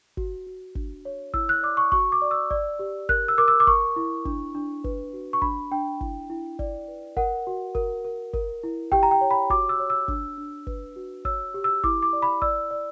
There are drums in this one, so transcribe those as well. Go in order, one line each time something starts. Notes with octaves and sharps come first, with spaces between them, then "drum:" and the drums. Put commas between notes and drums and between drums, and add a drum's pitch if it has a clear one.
F#4, drum: kick
F#4
D4, drum: kick
C#5
E4 E6, drum: kick
F#6
D5 D6
C#6
F#4 C#6, drum: kick
D6
D5
E6
D5, drum: kick
G4
A#4 F#6, drum: kick
E6
A#4 D6
E6
D6
A#4 C#6, drum: kick
E4
D4, drum: kick
D4
B4, drum: kick
F#4
C#6
D4 B5, drum: kick
D4 G5
E4, drum: kick
E4
D5, drum: kick
B4
A#4 F#5, drum: kick
F#4
A#4, drum: kick
A#4
A#4, drum: kick
E4
G4 G5, drum: kick
A#5
G5
C#5
B5
F#4 D6, drum: kick
E6
C#5
E6
D4, drum: kick
D4
B4, drum: kick
F#4
C#5 E6, drum: kick
G4
E6
E4 D6, drum: kick
D6
D5
B5
D5 E6, drum: kick
D5